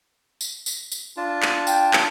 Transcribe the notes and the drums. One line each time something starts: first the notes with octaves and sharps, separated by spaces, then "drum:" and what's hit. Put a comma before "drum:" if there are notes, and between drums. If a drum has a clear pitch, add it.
drum: tambourine
drum: tambourine
drum: tambourine
D4 F4 A5
drum: clap
G5, drum: tambourine
drum: clap